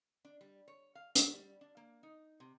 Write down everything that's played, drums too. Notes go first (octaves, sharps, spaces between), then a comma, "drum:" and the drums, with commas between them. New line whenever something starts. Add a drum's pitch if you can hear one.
D4
G3
C#5
F5
F#4, drum: hi-hat
G3
D4
A#3
D#4
C3